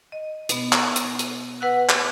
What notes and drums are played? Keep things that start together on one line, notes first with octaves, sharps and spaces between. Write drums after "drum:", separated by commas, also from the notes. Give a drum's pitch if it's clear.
D#5
B2 B3, drum: hi-hat
drum: clap
drum: hi-hat
drum: hi-hat
B4 F#5 E6 F#6
drum: clap